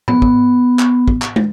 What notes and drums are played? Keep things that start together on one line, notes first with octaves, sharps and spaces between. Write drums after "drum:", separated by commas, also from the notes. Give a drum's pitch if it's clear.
B3, drum: tom
drum: kick
drum: clap
drum: kick
drum: clap
drum: tom